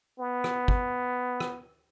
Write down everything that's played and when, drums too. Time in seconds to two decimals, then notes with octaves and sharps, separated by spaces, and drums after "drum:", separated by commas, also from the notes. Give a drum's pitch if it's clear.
0.20 B3
0.44 drum: rim click
0.68 drum: kick
1.40 drum: rim click